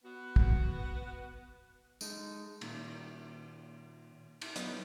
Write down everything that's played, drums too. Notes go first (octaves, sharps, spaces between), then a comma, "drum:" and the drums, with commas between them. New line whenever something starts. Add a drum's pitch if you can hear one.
B3 F#4
drum: kick
G#3 D#4 A4, drum: tambourine
A#2 D#3, drum: cymbal
drum: cymbal
F#3 B3 D#4 G4 B4, drum: hi-hat